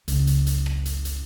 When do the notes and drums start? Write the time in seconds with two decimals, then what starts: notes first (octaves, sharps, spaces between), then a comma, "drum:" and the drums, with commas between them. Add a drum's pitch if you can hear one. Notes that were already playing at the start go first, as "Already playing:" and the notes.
0.08 F#1 C#2, drum: hi-hat
0.27 drum: hi-hat
0.47 drum: hi-hat
0.66 drum: rim click
0.86 drum: hi-hat
1.05 drum: hi-hat